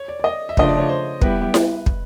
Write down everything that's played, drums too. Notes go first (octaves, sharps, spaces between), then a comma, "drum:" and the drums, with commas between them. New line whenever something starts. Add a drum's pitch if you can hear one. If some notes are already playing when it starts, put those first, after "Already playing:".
Already playing: C#5
D5
D5
D#5
E5
C#3 F3 A3 D4 D#5, drum: kick
D5
C#5
C5
G3 B3 E4 G4 B4, drum: kick
drum: snare E4
drum: kick